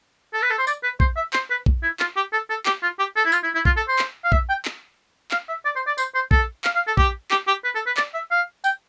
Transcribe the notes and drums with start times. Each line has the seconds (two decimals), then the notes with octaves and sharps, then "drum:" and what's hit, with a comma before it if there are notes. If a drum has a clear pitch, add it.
0.33 A4
0.42 B4
0.50 A4
0.58 C5
0.67 D5, drum: tambourine
0.83 B4
1.00 C5, drum: kick A#1
1.16 E5
1.33 C5, drum: clap
1.50 B4
1.66 drum: kick A#1
1.82 E4
2.00 F4, drum: clap
2.16 G4
2.33 A4
2.49 A4
2.66 G4, drum: clap
2.82 F4
2.99 G4
3.16 A4
3.25 E4
3.32 F4, drum: tambourine
3.43 E4
3.55 E4
3.65 F4, drum: kick A#1
3.76 A4
3.88 C5
3.99 drum: clap
4.24 F5
4.32 E5, drum: kick A#1
4.49 G5
4.65 drum: clap
5.31 F5, drum: clap
5.48 E5
5.65 D5
5.76 C5
5.87 D5
5.98 C5, drum: tambourine
6.15 C5
6.31 A4, drum: kick A#1
6.64 F5, drum: clap
6.75 F5
6.87 A4
6.97 G4, drum: kick A#1
7.31 G4, drum: clap
7.47 G4
7.64 B4
7.75 A4
7.86 B4
7.97 D5, drum: clap
8.14 E5
8.31 F5
8.64 G5, drum: tambourine